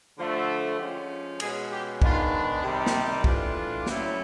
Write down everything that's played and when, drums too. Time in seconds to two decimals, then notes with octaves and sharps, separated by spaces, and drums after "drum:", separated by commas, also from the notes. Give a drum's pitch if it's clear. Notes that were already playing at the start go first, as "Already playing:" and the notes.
0.17 D3 F3 A3
0.78 F3 G#3 C#4 G4
1.40 B2 G#3 C#4 G#4, drum: cymbal
1.71 G4
2.02 G#2 D#3 G#3 B3 D4 F4, drum: kick
2.63 C3 D#3 G3
2.86 drum: snare
3.24 E3 A3 D4 F4, drum: kick
3.86 A2 F#3 A3 C#4 E4, drum: snare